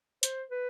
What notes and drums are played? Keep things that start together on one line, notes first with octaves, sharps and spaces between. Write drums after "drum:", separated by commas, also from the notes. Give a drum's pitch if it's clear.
C5, drum: hi-hat
B4